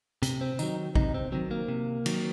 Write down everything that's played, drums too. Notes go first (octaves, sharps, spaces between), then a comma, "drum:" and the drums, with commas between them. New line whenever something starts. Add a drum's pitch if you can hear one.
C3, drum: hi-hat
C4
D#3 F#3 D#4, drum: tambourine
C3 D#4, drum: kick A#1
C4
D#3 F#3 C4
A#3
C3
D#3 F#3, drum: cymbal